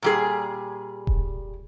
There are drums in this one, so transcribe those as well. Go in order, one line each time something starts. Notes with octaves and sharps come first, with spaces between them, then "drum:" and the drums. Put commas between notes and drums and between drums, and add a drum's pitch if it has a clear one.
A#2 G3 G#4
drum: kick D#1